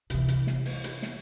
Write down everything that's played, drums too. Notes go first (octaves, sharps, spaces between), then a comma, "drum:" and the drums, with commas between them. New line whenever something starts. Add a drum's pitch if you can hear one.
C3 E3, drum: hi-hat
drum: hi-hat
drum: snare
drum: open hi-hat
drum: hi-hat
drum: snare